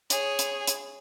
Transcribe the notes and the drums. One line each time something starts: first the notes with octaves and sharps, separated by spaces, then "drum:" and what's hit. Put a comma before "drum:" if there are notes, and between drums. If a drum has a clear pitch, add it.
G#4 C#5, drum: hi-hat
drum: hi-hat
drum: hi-hat